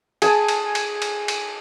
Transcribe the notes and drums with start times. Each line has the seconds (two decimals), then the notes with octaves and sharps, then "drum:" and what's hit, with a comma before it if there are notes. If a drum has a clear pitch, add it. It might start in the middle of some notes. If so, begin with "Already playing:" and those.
0.22 G#4 G#5 A5, drum: cymbal
0.48 drum: cymbal
0.75 drum: cymbal
1.02 drum: cymbal
1.28 drum: cymbal